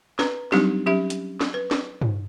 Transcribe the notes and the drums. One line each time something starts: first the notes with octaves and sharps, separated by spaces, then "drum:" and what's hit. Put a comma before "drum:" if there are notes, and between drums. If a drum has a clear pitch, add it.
B4 A#5, drum: snare
F#3 G3 C4 D4 D#4 G4, drum: snare
F#3 C#4 G4 E5
drum: hi-hat
drum: snare
B4
drum: snare
drum: tom G2